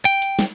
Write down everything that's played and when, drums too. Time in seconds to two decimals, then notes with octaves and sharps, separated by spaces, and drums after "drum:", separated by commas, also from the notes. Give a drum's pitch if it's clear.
0.05 G5
0.22 drum: hi-hat
0.39 drum: snare